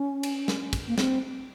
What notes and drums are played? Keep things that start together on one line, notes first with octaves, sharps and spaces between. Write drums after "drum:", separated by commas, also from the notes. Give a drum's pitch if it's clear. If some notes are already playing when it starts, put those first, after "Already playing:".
Already playing: C#4
drum: cymbal
drum: snare
drum: kick, cymbal
A#3
C4, drum: snare